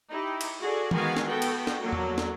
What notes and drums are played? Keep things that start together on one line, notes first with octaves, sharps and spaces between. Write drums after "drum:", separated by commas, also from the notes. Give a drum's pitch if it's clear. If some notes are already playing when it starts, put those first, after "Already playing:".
D#4 E4 G4
drum: cymbal
F#4 G#4 A4 D5
D#3 G#3 B3 F#4 F5 G#5, drum: tom E3
drum: snare
B3 F#4 A4 G5
drum: cymbal
drum: snare
D3 F#3 A#3
drum: tom
drum: snare